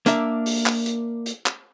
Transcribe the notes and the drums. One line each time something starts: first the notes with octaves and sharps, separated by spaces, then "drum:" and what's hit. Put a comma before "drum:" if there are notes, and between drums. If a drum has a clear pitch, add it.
A#3 D4 A#4 E5, drum: hi-hat
drum: open hi-hat
drum: clap
drum: hi-hat
drum: hi-hat
drum: clap